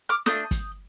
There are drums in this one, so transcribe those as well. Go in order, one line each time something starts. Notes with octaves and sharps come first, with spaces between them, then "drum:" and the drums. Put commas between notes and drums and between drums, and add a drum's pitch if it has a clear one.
D6 F6
A3 D4 A4 D#6 G6, drum: snare
drum: kick, hi-hat